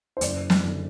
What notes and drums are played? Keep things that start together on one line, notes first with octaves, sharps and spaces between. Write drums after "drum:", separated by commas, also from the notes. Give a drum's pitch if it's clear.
C5
F#1 D5, drum: hi-hat
drum: snare
F#2 D3